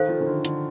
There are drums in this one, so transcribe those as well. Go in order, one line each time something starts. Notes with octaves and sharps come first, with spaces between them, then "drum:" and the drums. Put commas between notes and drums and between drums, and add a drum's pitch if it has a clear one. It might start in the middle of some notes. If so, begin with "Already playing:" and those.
Already playing: D#3 A4 C5 F5
F3
D#3
D3
D3, drum: hi-hat